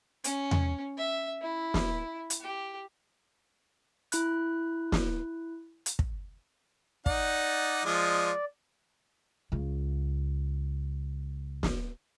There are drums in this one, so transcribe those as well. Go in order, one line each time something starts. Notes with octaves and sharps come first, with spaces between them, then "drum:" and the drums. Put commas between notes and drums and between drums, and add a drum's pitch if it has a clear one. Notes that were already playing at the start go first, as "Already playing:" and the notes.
C#4, drum: hi-hat
drum: tom E2
E5
E4
drum: snare
drum: hi-hat
G4
E4 B5 F#6, drum: hi-hat
drum: snare
drum: hi-hat
drum: kick
D#4 D5 F#5, drum: kick
F3 G#3 D#5
C#2 C#3
drum: snare